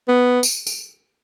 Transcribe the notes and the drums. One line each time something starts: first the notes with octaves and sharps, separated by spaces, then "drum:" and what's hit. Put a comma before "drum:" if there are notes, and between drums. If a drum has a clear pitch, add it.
B3
drum: tambourine
drum: tambourine